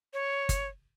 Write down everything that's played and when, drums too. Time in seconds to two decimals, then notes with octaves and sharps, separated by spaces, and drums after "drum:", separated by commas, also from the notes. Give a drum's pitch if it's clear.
0.14 C#5
0.49 drum: kick G1, hi-hat